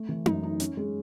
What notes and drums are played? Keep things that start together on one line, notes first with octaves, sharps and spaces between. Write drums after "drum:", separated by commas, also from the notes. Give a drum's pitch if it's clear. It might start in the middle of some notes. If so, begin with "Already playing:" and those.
Already playing: A3
E3
F#2, drum: tom D#4
D#4
C#4, drum: hi-hat
G#3